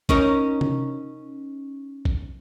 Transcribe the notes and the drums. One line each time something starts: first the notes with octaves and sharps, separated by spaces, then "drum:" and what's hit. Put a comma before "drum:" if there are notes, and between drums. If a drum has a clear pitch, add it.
C#4 D#4 A#4, drum: kick A#1
drum: tom C3
drum: kick A#1